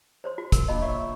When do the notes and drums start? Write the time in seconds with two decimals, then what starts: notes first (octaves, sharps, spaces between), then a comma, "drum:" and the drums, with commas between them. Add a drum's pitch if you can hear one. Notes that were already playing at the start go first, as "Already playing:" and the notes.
0.24 C5 C#5 C6
0.38 F#4
0.52 A#4, drum: kick, hi-hat
0.68 A#2 D4 D#5 B5
0.81 C5 C#5 E5